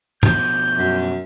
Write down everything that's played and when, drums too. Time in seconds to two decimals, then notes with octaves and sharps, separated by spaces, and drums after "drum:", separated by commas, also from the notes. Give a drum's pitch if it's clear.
0.23 B2 F3 G6, drum: tom G#2
0.78 F#2